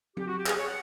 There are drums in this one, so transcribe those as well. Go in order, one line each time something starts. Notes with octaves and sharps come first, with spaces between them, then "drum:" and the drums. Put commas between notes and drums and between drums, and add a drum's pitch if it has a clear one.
G4, drum: tom F#3
F#4
G4
G#4, drum: clap
C#5
F#5